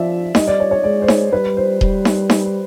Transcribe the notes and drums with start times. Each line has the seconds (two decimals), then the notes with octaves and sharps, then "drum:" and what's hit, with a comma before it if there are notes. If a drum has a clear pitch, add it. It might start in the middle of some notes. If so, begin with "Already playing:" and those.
Already playing: F3 D5 E5
0.35 G3 D#5, drum: snare D#4
0.47 D5
0.60 C#5
0.71 C#5
0.84 G#3 D5
1.02 C5
1.08 C#5, drum: snare D#4
1.33 G3 B4
1.57 C5
1.81 G3, drum: kick D#1
2.05 drum: snare D#4
2.30 drum: snare D#4